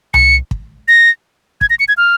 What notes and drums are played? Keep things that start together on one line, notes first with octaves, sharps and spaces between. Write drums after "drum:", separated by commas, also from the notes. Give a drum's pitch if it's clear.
C#7, drum: tom C2
drum: kick
A#6
G#6, drum: kick
A#6
C#7
G#6
F6